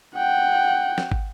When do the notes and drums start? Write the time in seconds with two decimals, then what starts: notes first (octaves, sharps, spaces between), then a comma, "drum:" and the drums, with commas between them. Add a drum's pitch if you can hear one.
0.15 F#5 G5
0.98 drum: snare
1.12 drum: kick